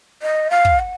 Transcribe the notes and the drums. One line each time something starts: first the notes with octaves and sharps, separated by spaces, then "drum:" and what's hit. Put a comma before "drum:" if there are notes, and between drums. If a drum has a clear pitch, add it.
D#5
F5
drum: kick
F#5